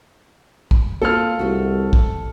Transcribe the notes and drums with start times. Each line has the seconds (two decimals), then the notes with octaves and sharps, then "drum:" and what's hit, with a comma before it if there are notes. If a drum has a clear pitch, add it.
0.71 drum: kick
1.02 A#3 C4 F4 A4 F6
1.39 C2 A3 F#4
1.93 drum: kick